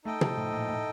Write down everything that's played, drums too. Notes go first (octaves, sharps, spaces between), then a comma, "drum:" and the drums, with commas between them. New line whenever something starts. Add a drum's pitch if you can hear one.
A3 D#4 A4 D#5 G5
F3, drum: tom
A2
A#2
A2